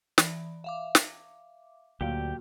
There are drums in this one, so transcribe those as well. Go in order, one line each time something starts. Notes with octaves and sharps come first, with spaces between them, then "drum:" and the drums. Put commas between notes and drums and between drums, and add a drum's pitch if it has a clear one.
E3 D5, drum: snare
E5 F5 D6
drum: snare
D2 A#2 F#3 G4 F5 G5